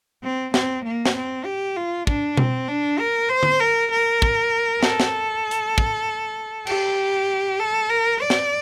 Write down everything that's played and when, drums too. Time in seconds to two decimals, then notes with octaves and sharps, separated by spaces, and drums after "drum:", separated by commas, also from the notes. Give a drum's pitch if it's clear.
0.22 C4
0.54 C4, drum: snare
0.84 A#3
1.06 drum: snare
1.15 C4
1.45 G4
1.76 F4
2.07 D4, drum: kick
2.37 C4, drum: tom B2
2.68 D4
2.99 A#4
3.29 C5
3.43 drum: tom D3
3.60 A#4
3.91 A#4
4.22 drum: kick
4.83 A4, drum: snare
5.00 drum: snare
5.51 drum: hi-hat
5.78 drum: kick
6.67 G4, drum: cymbal
7.59 A4
7.90 A#4
8.21 D5
8.30 drum: snare